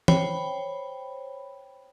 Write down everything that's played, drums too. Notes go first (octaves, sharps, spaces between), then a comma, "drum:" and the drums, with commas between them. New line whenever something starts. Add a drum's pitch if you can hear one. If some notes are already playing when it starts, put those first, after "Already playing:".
C5 C#5 G5 B5, drum: tom E3